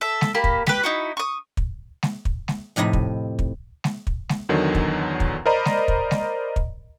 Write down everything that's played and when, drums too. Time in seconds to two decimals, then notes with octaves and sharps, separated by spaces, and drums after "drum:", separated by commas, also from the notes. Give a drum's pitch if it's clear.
0.01 A4 E5
0.21 drum: snare G#3
0.34 A#3 G4 B5
0.44 drum: kick
0.67 G4 B4, drum: snare G#3
0.83 D#4 E4 F#4
1.17 C#6 D#6
1.57 drum: kick
2.03 drum: snare G#3
2.25 drum: kick
2.48 drum: snare G#3
2.76 F2 A2 C3 D#4 B5
2.93 drum: kick
3.39 drum: kick
3.84 drum: snare G#3
4.07 drum: kick
4.29 drum: snare G#3
4.49 E2 D3 D#3 F#3
4.75 drum: kick
5.20 drum: kick
5.46 A#4 C5 D5 D#5 A#5 B5
5.65 drum: snare G#3
5.88 drum: kick
6.11 drum: snare G#3
6.56 drum: kick